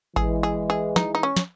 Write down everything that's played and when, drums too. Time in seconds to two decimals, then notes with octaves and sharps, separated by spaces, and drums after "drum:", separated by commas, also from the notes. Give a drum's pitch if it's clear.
0.16 E3 G#3 G#4, drum: kick G#1
0.43 G#4
0.70 G#4
0.96 D#4, drum: snare
1.15 D#4
1.23 C#4
1.36 drum: snare